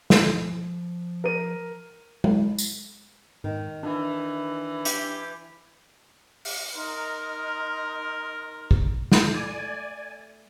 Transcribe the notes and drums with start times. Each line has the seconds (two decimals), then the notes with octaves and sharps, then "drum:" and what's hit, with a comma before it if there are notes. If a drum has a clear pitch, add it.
0.10 F3, drum: snare
1.24 A#4 D#7
2.24 drum: tom G#3
2.59 drum: tambourine
3.44 G#2 D#3
3.83 E3 D4
4.85 G4, drum: hi-hat
6.45 drum: open hi-hat
6.74 D#4 A#4 C6 F6
8.71 drum: kick
9.12 drum: snare
9.34 A3 D5 G#5